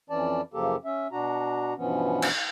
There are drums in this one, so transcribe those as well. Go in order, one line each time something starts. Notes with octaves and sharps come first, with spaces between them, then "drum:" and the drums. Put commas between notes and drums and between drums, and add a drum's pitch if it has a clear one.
F2 E3 C#4 D5 A5
F#2 C#3 F3 A#3 G4 A4
C#4 E5
B2 D4 F#4 A#5
G2 B2 E3 F3 B3 C#4
drum: cymbal